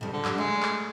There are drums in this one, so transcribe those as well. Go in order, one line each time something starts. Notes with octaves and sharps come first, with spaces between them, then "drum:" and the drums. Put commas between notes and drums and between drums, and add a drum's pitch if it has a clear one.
F2 C#3 G3
D3
F#3 G3 D4, drum: clap
G#3 A3
drum: clap